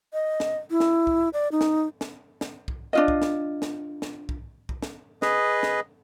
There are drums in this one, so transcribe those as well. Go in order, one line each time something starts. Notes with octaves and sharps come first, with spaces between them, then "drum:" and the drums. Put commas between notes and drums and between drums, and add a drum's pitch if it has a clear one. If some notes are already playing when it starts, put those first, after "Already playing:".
D#5
drum: snare
E4
drum: snare
drum: kick B1
D5
D#4
drum: snare
drum: snare
drum: snare
drum: kick B1
D4 F4 D#5
drum: kick B1
drum: snare
drum: snare
drum: snare
drum: kick B1
drum: kick B1
drum: snare
G#4 B4 D#5, drum: snare
drum: snare